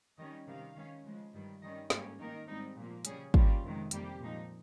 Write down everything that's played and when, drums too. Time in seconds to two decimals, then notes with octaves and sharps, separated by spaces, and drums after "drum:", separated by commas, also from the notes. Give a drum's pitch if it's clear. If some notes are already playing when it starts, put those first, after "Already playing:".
0.17 D#3 G3 C#4 D#5
0.47 C3 D#3 G3 F5
0.75 D#3 G#3 C#4
1.04 C#3 F3 G#3
1.33 G2 D#3 G3
1.61 D#3 G3 C#4 D#5
1.90 G#2 G3 A#3 C#4 C#5, drum: snare
2.19 D#3 A#3 D#4 A#4
2.48 G#2 G3 C4 D#4
2.76 A#2 F3 A#3
3.05 C#3 G3 C#4 G#4, drum: hi-hat
3.34 C#3 G3 A#3 C#4 F4, drum: kick
3.63 F2 C3 D#3 G#3
3.91 F2 C3 G3 A#3 G4, drum: hi-hat
4.20 A#2 F3 G#3 D#4